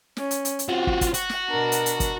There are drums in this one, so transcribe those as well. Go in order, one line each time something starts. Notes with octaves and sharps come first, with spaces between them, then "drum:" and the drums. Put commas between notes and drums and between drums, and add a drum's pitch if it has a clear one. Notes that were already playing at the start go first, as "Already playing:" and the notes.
C#4, drum: snare
drum: hi-hat
drum: hi-hat
drum: hi-hat
C4 F4 F#4
drum: kick
drum: kick, hi-hat
F#4 F#5, drum: hi-hat
drum: snare
B2 D4 A#4
drum: hi-hat
drum: hi-hat
drum: kick, hi-hat